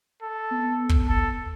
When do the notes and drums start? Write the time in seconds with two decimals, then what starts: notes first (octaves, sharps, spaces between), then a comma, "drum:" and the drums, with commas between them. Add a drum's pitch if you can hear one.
0.22 A4
0.51 B3
0.89 drum: kick
1.09 A4